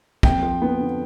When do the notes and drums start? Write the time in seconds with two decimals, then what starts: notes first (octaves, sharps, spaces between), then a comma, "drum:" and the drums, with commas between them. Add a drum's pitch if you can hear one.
0.23 F2 G5, drum: kick
0.42 F3
0.62 B3
0.80 D3